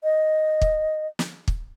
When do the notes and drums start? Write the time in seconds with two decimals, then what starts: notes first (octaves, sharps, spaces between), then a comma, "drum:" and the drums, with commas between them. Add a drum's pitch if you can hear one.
0.04 D#5
0.62 drum: kick
1.19 drum: snare
1.48 drum: kick